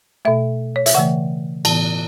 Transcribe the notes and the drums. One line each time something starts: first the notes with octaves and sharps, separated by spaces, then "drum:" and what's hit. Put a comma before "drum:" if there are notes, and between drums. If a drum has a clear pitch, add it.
B2 A3 E5
C#5
E5, drum: hi-hat
C#3 E3 A3 F#5
A2 E3 B3 A5, drum: cymbal